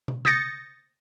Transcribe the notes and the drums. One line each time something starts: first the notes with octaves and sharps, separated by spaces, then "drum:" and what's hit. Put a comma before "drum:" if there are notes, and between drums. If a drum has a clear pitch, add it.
drum: tom
D#6 G6 A6 A#6 C#7, drum: tom C3